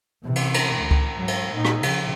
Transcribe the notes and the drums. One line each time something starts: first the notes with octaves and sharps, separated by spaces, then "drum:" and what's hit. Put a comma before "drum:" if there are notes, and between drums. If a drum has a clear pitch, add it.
C3 E3
drum: cymbal
drum: cymbal
D2
drum: kick C#2
G#2 F#3
drum: cymbal
A#2 D#4
drum: rim click
C#3 F3, drum: cymbal